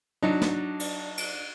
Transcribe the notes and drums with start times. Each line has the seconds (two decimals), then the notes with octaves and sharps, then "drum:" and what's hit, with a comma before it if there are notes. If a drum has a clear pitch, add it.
0.22 F#3 D4 D#4
0.41 drum: snare
0.79 drum: cymbal
1.17 drum: cymbal